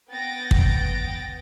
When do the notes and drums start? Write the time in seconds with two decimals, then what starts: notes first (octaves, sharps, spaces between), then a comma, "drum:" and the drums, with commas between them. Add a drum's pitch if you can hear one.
0.12 B3 G5 A6 A#6 D7
0.51 drum: kick